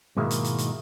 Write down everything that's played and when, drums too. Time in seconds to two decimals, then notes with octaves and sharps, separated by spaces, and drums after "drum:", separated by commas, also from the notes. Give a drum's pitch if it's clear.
0.17 G#2 B2 D#3 G#3 A#3 E4
0.31 drum: hi-hat
0.44 drum: hi-hat
0.58 drum: hi-hat